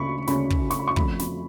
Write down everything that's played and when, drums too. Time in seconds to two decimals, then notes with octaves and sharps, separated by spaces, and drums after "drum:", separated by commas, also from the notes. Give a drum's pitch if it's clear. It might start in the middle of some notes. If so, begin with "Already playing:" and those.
Already playing: D2 C#3 B5 C#6
0.27 D2 C#3 G#3 C#4 B5, drum: snare
0.50 drum: kick
0.70 C#6, drum: snare
0.79 B5
0.88 C#6
0.96 F2 F3 A3 C#4 B5, drum: kick
1.19 B5, drum: snare